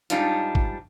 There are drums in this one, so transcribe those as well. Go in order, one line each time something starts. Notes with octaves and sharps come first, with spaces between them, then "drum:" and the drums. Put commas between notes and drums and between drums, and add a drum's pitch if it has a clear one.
G#2 G3 D4 D#4 F4, drum: hi-hat
drum: kick G#1